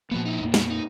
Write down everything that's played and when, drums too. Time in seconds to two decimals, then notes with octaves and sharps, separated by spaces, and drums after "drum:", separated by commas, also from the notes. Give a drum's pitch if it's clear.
0.11 A#2 F3 A#3 B3 F#4
0.26 D#4 E4
0.41 F2 A#2 A#3
0.54 B3 F#4, drum: snare
0.70 D#4